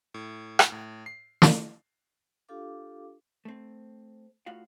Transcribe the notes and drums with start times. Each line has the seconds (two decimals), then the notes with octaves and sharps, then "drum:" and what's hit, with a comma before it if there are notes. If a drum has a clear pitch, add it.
0.14 A2
0.59 drum: rim click
0.72 A2
1.06 C7
1.42 drum: snare
2.49 D4 F4 G4 A4 F5 D6
3.45 A3 C4
4.46 A2 F4 F#4 F5